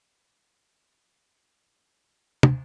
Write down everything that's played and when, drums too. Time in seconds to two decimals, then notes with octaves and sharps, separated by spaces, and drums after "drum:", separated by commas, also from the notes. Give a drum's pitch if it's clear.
0.35 F3 D#4 D#5
1.39 D#1 A#2 D5 E6
2.43 drum: tom